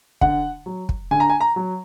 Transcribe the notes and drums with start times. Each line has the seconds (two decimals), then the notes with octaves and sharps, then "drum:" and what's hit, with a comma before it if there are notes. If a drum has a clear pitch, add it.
0.21 D3 F#5, drum: kick
0.66 F#3
0.89 drum: kick
1.11 D3 G#5
1.20 A#5
1.30 G#5
1.40 A#5
1.56 F#3